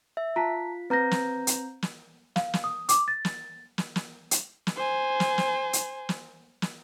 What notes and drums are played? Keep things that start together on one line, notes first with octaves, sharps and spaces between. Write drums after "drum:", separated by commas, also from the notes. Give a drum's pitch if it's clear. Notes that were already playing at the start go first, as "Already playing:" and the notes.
E5
F4 A5 A#5 B6
C4 B4 A#5 G6 A#6
drum: snare
drum: hi-hat
drum: snare
F5, drum: snare
drum: snare
D#6
D6, drum: hi-hat
A6
drum: snare
drum: snare
drum: snare
drum: hi-hat
drum: snare
C5 G#5
drum: snare
drum: snare
drum: hi-hat
drum: snare
drum: snare